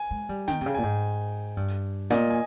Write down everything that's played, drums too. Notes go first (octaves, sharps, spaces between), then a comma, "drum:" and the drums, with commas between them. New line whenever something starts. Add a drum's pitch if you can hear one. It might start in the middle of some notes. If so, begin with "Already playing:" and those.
Already playing: G#5
G#3
G3
D#3 G5, drum: snare
C3
C#3
A#2 G#5
G#2
G2
drum: hi-hat
A#2 D#5, drum: snare
G#5